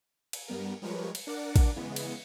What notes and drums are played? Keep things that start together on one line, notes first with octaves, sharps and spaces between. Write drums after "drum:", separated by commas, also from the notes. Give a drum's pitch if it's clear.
drum: cymbal
G2 G3 B3 A#4
F3 G3 G#3 A#4 B4 C#5
drum: cymbal
D4 A#4 D5 F#5 D6
drum: kick, cymbal
C#3 E3 G#3 B3
drum: cymbal